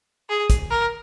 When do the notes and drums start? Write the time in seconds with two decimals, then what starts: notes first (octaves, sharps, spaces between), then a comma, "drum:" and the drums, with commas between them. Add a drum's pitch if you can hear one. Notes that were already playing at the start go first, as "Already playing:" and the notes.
0.29 G#4
0.50 drum: kick, hi-hat
0.71 A#4